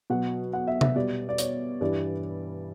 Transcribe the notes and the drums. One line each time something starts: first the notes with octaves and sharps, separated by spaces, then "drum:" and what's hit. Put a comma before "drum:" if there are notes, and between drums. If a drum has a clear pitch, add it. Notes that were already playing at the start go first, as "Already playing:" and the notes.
B2 F#3 F#5
F#5
E5
E5, drum: tom C3
B2 G3 D5
D5
C#5, drum: hi-hat
G2 E3 G3 D5